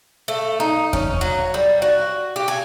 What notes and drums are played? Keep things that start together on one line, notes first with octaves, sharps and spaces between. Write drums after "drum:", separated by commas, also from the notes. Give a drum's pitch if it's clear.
A3
D#4
C#4, drum: kick E2
F#3
G3
F#4
G4
G#5